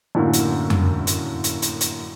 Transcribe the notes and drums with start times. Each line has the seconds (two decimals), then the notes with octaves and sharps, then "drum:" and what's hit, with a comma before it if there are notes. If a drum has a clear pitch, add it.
0.15 F#2 A2 D3 A#3
0.33 drum: hi-hat
0.70 drum: tom F2
1.07 drum: hi-hat
1.44 drum: hi-hat
1.62 drum: hi-hat
1.81 drum: hi-hat